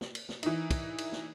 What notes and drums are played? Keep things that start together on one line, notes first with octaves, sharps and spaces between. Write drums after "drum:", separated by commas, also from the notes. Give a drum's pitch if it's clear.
drum: snare
drum: cymbal
drum: snare
E3 D#4, drum: cymbal
drum: kick, cymbal
drum: cymbal
drum: snare